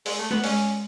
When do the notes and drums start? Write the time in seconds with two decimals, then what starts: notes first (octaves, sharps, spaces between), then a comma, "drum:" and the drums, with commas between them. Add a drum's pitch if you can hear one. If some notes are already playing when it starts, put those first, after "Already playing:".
0.06 G#3, drum: open hi-hat
0.19 A3
0.31 B3, drum: snare
0.44 G#3 C#4, drum: open hi-hat